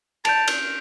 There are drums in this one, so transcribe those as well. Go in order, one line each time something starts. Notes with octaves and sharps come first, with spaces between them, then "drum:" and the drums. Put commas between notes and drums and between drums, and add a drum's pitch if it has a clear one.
A5 G6 D7 F7, drum: cymbal
drum: cymbal